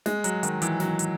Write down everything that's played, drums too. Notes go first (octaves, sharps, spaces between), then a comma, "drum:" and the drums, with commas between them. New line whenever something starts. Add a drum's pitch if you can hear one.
G#3, drum: snare
F#3, drum: hi-hat
D#3, drum: hi-hat
E3, drum: hi-hat
F#3, drum: snare
drum: hi-hat